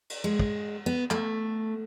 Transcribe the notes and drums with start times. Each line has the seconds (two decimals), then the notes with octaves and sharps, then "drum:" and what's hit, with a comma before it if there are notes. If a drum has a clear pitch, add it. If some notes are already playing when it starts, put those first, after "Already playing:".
0.10 drum: cymbal
0.24 G#3
0.39 drum: kick
0.86 B3
1.11 A3, drum: clap